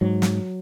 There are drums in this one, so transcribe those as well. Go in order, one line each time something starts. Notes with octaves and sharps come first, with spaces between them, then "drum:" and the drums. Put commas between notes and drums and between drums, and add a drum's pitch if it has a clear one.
G#2 F#3
drum: snare